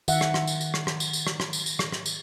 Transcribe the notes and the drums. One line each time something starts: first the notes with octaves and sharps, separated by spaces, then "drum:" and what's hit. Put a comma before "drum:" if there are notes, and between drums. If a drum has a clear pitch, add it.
D#3 E5 F#5, drum: tambourine
drum: rim click
drum: rim click
drum: tambourine
drum: tambourine
drum: rim click
drum: rim click
drum: tambourine
drum: tambourine
drum: rim click
drum: rim click
drum: tambourine
drum: tambourine
drum: rim click
drum: rim click
drum: tambourine